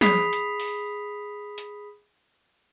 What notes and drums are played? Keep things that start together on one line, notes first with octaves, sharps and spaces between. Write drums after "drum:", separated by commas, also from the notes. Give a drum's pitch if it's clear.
G#4 B5 D#6 B6 C7 F7, drum: snare
drum: hi-hat
drum: open hi-hat
drum: hi-hat